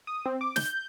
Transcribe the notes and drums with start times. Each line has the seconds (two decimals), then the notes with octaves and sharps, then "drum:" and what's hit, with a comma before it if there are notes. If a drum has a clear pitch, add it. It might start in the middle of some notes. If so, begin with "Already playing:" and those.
0.07 D#6
0.26 C4
0.41 D6
0.56 G6, drum: snare